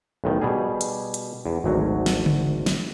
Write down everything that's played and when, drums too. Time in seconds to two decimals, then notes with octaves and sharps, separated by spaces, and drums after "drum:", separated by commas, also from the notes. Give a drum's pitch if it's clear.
0.24 B1 A2 D#3
0.41 B2 G3 G#4
0.81 drum: hi-hat
1.14 drum: hi-hat
1.46 E2
1.64 G#1 D2 F#3
2.06 drum: snare
2.26 drum: tom C#3
2.66 drum: snare